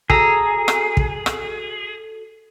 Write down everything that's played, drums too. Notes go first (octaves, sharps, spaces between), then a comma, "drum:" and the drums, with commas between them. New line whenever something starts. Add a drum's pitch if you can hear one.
F#4 G#4 A4 A#5 E6 D#7, drum: kick
drum: rim click
drum: kick
drum: rim click